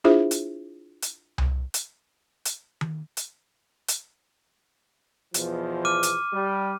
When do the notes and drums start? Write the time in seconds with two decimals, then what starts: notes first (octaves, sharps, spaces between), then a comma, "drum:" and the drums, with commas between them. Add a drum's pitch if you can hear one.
0.04 D4 E4 F4 G#4 C5 E5
0.31 drum: hi-hat
1.02 drum: hi-hat
1.38 drum: tom C2
1.74 drum: hi-hat
2.45 drum: hi-hat
2.81 drum: tom D#3
3.17 drum: hi-hat
3.88 drum: hi-hat
5.34 E2 B2 F3, drum: hi-hat
5.85 D6 F6 D#7
6.03 drum: hi-hat
6.33 G3